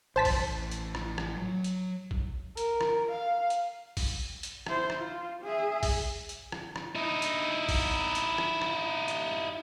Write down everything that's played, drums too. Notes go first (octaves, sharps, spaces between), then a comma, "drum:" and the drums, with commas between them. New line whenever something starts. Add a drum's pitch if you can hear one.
A1 C5 A5 B6
drum: kick, open hi-hat
drum: hi-hat
drum: rim click
drum: rim click
F#3
drum: hi-hat
drum: kick
A#4, drum: hi-hat
drum: rim click
F5
drum: hi-hat
drum: kick, open hi-hat
drum: hi-hat
E4 C5, drum: rim click
drum: rim click
F4
G#4 E5
drum: kick, open hi-hat
drum: hi-hat
drum: rim click
drum: rim click
D#4 E4
drum: hi-hat
drum: kick, open hi-hat
drum: hi-hat
drum: rim click
drum: rim click
drum: hi-hat